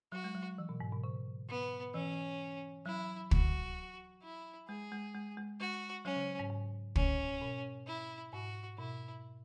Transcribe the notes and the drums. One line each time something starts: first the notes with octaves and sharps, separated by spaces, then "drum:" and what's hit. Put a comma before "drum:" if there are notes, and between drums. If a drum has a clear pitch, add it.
F#3 F#4
G#3
F#3
E3
B2
G#2
B2
C#3
B3
E3 C#4
F#3 E4
F#4, drum: kick
E4
G#3 G#4
G#3
G#3
G#3
G#3 F#4
F#3 C#4
C#3
G#2
G#2
C#4, drum: kick
B2
E4
G#2 F#4
B2 E4